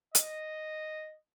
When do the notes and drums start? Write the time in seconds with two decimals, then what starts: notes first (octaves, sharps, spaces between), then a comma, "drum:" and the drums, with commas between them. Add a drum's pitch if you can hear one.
0.15 D#5, drum: hi-hat